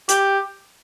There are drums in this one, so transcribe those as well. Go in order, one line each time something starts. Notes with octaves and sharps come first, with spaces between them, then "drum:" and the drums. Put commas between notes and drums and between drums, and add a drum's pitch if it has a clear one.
G4, drum: hi-hat